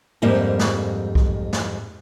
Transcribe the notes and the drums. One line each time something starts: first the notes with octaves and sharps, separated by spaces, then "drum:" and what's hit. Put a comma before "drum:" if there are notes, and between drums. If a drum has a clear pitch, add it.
F2 G#2 G3 A#3
drum: snare
drum: kick B1
drum: snare